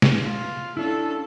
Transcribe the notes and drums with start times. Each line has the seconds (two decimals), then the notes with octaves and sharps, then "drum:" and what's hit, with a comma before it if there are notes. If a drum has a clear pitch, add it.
0.02 drum: snare
0.22 F4
0.77 C#4 D4 E4 A4